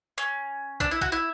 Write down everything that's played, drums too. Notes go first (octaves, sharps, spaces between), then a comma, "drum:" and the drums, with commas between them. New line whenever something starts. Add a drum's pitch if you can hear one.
C#4
D4, drum: kick
E4
F#4, drum: kick
E4